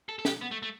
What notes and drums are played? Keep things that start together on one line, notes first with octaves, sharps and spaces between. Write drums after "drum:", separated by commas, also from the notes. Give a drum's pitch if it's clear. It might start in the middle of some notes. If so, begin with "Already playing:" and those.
A4
A4
G4, drum: snare
B3
A3
A3